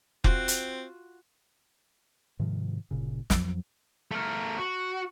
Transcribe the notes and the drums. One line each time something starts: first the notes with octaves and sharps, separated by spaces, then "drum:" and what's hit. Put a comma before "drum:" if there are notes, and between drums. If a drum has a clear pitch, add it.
C4 F4 F#4, drum: kick F1
drum: hi-hat
G#2 C3 D#3 F3
G1 A#2 C#3
F2 F3 F#3, drum: snare
A3 A#4
F#4